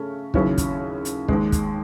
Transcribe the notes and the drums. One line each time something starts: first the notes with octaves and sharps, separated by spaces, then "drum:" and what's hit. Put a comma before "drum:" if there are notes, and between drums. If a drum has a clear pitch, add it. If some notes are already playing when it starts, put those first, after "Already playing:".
Already playing: C#3 A3 C#4
D#2 C#3 F#3 C#4 E4, drum: kick
drum: kick, hi-hat
drum: hi-hat
D#2 D#3 G#3, drum: kick
drum: kick, hi-hat